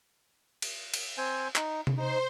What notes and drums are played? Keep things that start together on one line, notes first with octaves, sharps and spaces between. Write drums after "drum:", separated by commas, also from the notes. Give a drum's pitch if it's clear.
drum: cymbal
drum: cymbal
C4 C5 G#5
D#4, drum: clap
drum: tom C3
D#4 C5 C6